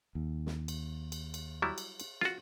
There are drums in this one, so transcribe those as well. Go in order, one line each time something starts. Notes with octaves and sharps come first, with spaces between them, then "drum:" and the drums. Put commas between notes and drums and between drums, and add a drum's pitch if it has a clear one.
D#2
drum: snare
drum: cymbal
drum: cymbal
drum: cymbal
F#3 G3 E4
drum: cymbal
drum: cymbal
F4 F#4, drum: snare